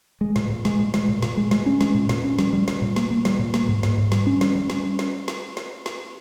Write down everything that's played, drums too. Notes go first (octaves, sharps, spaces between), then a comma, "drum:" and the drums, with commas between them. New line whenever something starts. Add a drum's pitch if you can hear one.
G#3
A#2, drum: snare
A#2
G#3, drum: snare
A#2
G#3, drum: snare
A#2
A#2, drum: snare
G#3
G#3, drum: snare
C#4
G#3, drum: snare
A#2
A#2, drum: snare
C#4
G3, drum: snare
G3
G3, drum: snare
A#2
A#3, drum: snare
A#3
G3, drum: snare
A#2
A#3, drum: snare
G#2
G#2, drum: snare
G#2
G3, drum: snare
C#4
G3, drum: snare
G3
C#4, drum: snare
drum: snare
drum: snare
drum: snare
drum: snare